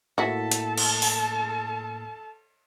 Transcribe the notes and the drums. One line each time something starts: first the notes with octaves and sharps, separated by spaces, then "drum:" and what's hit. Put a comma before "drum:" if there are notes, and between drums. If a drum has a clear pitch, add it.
A2 A#3 E4 F#4 A4 A5 B6
drum: hi-hat
drum: cymbal
drum: open hi-hat